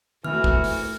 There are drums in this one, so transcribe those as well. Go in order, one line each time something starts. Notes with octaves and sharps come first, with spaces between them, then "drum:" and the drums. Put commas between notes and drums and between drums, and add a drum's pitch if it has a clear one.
E3 A3 F#4 F6, drum: tom D#3
drum: kick
drum: open hi-hat